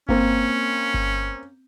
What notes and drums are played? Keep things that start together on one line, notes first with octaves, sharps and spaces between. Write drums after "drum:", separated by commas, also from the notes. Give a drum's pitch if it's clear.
A#3 C4 C#4, drum: kick G1
drum: kick G1